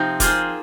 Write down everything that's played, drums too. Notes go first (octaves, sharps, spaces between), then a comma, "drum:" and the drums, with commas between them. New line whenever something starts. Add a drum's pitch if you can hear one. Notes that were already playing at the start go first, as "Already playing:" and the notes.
Already playing: C3 F3 C4 D#4
A#3 F4 G#4 C5, drum: kick, hi-hat